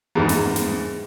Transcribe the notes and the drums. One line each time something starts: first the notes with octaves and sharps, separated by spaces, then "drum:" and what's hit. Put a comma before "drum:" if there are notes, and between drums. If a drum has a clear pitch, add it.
E2 G#2 D#3
drum: snare
drum: snare